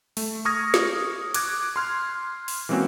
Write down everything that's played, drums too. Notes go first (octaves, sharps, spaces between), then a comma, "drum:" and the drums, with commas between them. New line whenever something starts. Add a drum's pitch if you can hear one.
A3, drum: open hi-hat
C#6 D#6 F6 G#6 A#6
drum: snare
D6 F#6 G#6, drum: cymbal
C6 F6 G#6
drum: open hi-hat
E3 G#3 A#3 C4 C#4 F#4